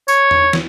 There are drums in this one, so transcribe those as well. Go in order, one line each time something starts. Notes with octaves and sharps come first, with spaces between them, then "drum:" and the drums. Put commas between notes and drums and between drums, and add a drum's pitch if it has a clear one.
C#5, drum: tambourine
drum: tom E2
drum: snare